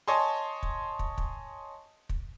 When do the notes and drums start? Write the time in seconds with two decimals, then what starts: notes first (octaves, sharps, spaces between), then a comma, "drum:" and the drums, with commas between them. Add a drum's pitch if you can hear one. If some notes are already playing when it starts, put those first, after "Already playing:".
0.08 C#5 D#5 G#5 A5 C6
0.63 drum: kick
0.99 drum: kick
1.18 drum: kick
2.09 drum: kick